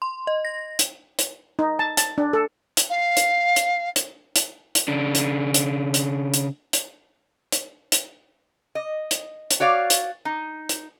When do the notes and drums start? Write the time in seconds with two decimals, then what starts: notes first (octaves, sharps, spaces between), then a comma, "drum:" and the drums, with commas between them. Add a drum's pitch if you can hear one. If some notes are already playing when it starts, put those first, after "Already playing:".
0.02 C6
0.27 D#5
0.45 A#6
0.79 drum: hi-hat
1.19 drum: hi-hat
1.59 D#4
1.79 A5
1.97 A5, drum: hi-hat
2.18 D4
2.33 A4
2.77 drum: hi-hat
2.90 F5
3.17 drum: hi-hat
3.56 drum: hi-hat
3.96 drum: hi-hat
4.36 drum: hi-hat
4.75 drum: hi-hat
4.88 C#3 D4
5.15 drum: hi-hat
5.54 drum: hi-hat
5.94 drum: hi-hat
6.34 drum: hi-hat
6.73 drum: hi-hat
7.52 drum: hi-hat
7.92 drum: hi-hat
8.75 D#5
9.11 drum: hi-hat
9.51 drum: hi-hat
9.60 F#4 C#5 D5 F5
9.90 drum: hi-hat
10.25 D#4
10.69 drum: hi-hat